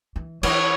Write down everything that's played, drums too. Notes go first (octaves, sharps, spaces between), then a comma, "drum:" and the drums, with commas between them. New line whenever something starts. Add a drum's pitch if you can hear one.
E3
E3 C#5, drum: cymbal